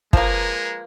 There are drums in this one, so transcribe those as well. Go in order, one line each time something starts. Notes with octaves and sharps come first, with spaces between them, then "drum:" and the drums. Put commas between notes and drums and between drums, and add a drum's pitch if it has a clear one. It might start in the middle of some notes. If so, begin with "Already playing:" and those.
F3 G#3 A#3 A#4 B4, drum: kick